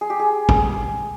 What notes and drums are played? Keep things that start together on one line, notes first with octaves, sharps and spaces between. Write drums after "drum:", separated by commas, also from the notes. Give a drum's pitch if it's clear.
G#4
G4
G#4
drum: kick